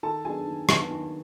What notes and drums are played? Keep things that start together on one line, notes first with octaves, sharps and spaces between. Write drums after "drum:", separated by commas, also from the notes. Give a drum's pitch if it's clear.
D#3 A4 A5
F#3 B3 D4 G#4 G#5
D#3
F#3 B3 D4, drum: rim click
D#3